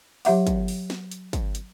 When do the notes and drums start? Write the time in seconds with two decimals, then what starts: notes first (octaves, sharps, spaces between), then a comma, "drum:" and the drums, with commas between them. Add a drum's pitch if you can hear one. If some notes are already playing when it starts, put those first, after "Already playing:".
0.25 F#3 G4 E5 F#5, drum: open hi-hat
0.47 drum: kick, hi-hat
0.68 drum: open hi-hat
0.90 drum: snare
1.12 drum: hi-hat
1.33 drum: kick, hi-hat
1.55 drum: hi-hat